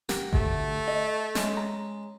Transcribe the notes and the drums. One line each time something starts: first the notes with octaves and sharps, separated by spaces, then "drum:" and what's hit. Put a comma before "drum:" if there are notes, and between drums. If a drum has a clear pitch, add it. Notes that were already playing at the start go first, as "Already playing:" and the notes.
G4 A#4 F#5, drum: snare
D2 A3, drum: kick G#1
D#5
G#3 C#4, drum: snare
A#5